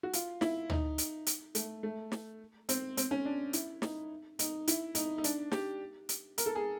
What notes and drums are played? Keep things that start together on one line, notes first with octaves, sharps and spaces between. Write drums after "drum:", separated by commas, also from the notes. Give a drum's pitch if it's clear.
F#4
F4, drum: hi-hat
E4, drum: snare
D#4, drum: tom
drum: hi-hat
drum: hi-hat
A3, drum: hi-hat
A3
drum: snare
C4, drum: hi-hat
C4, drum: hi-hat
C#4
D4
E4, drum: hi-hat
D#4, drum: snare
D#4, drum: hi-hat
E4, drum: hi-hat
D#4, drum: hi-hat
D#4
D4, drum: hi-hat
G4, drum: snare
drum: hi-hat
A#4, drum: hi-hat
A4
G#4